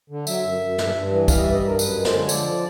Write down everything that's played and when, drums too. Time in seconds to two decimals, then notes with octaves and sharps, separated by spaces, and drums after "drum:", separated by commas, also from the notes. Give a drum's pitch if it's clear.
0.10 D3
0.27 F#3 E5, drum: tambourine
0.44 F#2
0.60 F#2
0.78 G2, drum: snare
0.95 G2
1.11 E3
1.28 G3 F5, drum: kick, tambourine
1.37 D#5
1.41 G2 E5
1.54 D#5
1.61 G2
1.67 A#4
1.79 F#2 B4, drum: tambourine
1.96 G#3
2.05 C5, drum: snare
2.12 D3
2.25 C#5
2.29 F3 D5, drum: tambourine